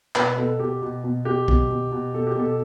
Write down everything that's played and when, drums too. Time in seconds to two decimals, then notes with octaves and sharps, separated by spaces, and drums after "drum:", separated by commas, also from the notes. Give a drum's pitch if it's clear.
0.15 B2 B4, drum: clap
0.37 B2 A4
0.59 B2 G4
0.82 B2
1.04 B2
1.25 B2 G4
1.48 B2, drum: kick B1
1.70 B2
1.92 B2
2.14 B2 A4
2.27 G4
2.36 B2 A4